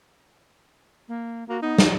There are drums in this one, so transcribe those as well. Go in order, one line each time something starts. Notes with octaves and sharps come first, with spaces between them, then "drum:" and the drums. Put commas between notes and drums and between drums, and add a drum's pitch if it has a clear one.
A#3
A#3 F#4
B3 D#4
F#3, drum: snare